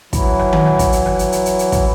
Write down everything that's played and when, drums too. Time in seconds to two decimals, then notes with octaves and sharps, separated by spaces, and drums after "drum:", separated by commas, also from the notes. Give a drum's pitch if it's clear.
0.13 E3 F#3 E4, drum: kick, hi-hat
0.39 drum: rim click
0.53 drum: tom D#3
0.66 drum: rim click
0.79 drum: kick, hi-hat
0.92 drum: hi-hat
1.06 drum: rim click
1.19 drum: hi-hat
1.32 drum: hi-hat
1.46 drum: hi-hat
1.59 drum: hi-hat
1.72 drum: kick, hi-hat